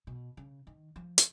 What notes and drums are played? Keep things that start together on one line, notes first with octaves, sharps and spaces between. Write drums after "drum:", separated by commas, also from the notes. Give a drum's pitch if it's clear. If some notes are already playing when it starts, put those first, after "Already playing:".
B2
C#3
D#3
F3
drum: hi-hat